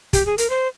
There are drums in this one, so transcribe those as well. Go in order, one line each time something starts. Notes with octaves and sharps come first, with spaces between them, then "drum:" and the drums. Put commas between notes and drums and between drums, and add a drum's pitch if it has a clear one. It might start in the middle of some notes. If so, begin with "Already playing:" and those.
G4, drum: kick, hi-hat
G#4
A#4, drum: hi-hat
C5